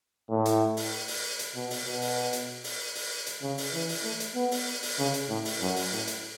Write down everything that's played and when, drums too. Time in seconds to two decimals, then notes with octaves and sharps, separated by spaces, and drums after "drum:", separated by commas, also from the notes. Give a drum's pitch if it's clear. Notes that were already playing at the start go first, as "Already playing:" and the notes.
0.30 A2
0.46 drum: hi-hat
0.77 drum: open hi-hat
1.08 drum: open hi-hat
1.39 drum: hi-hat
1.55 B2
1.70 drum: open hi-hat
1.86 B2
2.02 drum: open hi-hat
2.33 drum: hi-hat
2.64 drum: open hi-hat
2.95 drum: open hi-hat
3.26 drum: hi-hat
3.42 C#3
3.58 drum: open hi-hat
3.73 E3
3.89 drum: open hi-hat
4.04 A3
4.20 drum: hi-hat
4.35 B3
4.51 drum: open hi-hat
4.83 drum: open hi-hat
4.98 C#3
5.14 drum: hi-hat
5.29 A2
5.45 drum: open hi-hat
5.61 F#2
5.76 drum: open hi-hat
5.92 A2
6.07 drum: hi-hat